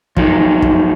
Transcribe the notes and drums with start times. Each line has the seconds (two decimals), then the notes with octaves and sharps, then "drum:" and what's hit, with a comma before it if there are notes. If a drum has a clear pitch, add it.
0.17 F3 F#3 D#4, drum: kick
0.62 drum: kick